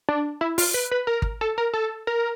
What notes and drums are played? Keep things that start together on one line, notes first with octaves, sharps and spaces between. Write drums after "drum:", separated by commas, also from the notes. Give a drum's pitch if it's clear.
D4
E4
F4, drum: open hi-hat
B4
B4
A#4
drum: kick
A4
A#4
A4
A#4